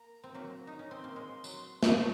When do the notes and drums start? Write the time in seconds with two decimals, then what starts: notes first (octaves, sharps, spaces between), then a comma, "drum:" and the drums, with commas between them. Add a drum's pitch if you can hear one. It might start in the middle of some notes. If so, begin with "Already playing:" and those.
Already playing: A#3 A#5
0.24 C4
0.34 F#3 A#3
0.67 D#4
0.79 C#4
0.89 C4 C6
1.04 A#3
1.16 G#3
1.44 F#3, drum: tambourine
1.83 drum: snare
1.95 F#3 C#6